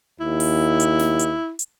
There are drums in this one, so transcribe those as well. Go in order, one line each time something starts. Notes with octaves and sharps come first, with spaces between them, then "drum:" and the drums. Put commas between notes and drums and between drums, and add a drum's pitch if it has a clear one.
D#2 E4
drum: open hi-hat
drum: hi-hat
drum: snare
drum: hi-hat
drum: hi-hat